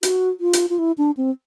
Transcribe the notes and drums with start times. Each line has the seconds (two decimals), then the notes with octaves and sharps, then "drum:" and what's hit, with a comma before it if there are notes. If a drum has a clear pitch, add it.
0.03 F#4, drum: hi-hat
0.40 F4
0.53 drum: hi-hat
0.70 F4
0.79 E4
0.98 D4
1.17 C4